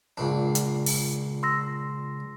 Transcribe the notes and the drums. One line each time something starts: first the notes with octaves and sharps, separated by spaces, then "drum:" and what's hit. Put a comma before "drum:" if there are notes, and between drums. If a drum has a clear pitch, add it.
C#2 A#2 D4
drum: hi-hat
drum: open hi-hat
C6 E6 A#6